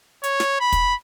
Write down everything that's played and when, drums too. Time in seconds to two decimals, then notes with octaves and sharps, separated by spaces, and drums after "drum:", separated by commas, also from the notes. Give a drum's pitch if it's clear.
0.24 C#5, drum: hi-hat
0.40 drum: snare
0.60 B5
0.73 drum: kick, hi-hat